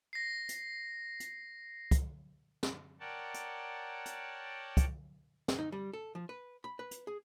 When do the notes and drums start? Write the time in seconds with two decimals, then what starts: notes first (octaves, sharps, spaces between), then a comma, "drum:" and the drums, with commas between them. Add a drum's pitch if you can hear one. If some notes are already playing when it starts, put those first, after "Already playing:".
0.13 A#6 C7
0.49 drum: hi-hat
1.20 drum: hi-hat
1.91 drum: kick, hi-hat
2.63 drum: snare
3.00 A#4 C#5 D5 F#5 G5 A5
3.34 drum: hi-hat
4.06 drum: hi-hat
4.77 drum: kick, hi-hat
5.48 drum: snare
5.58 D#4
5.72 G3
5.93 A4
6.15 F3
6.29 B4
6.64 B5
6.79 B4
6.91 drum: hi-hat
7.07 G#4